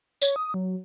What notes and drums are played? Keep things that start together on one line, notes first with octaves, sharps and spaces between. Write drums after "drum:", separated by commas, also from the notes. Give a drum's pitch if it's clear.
C#5, drum: tambourine
D#6
F#3